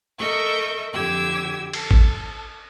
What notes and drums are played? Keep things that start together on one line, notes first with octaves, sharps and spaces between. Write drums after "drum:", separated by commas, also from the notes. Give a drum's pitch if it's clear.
A4 A#4 D#5 E5 C#6 G6
F2 D3 G4 D6 E6 G#6
A4, drum: cymbal
drum: kick G#1